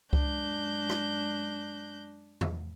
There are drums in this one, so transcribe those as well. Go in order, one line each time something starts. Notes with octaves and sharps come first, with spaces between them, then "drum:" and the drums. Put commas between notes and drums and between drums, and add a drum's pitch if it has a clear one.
F#2 G#3 D4 F#6 G6 A#6, drum: kick C#2
drum: rim click
drum: tom E2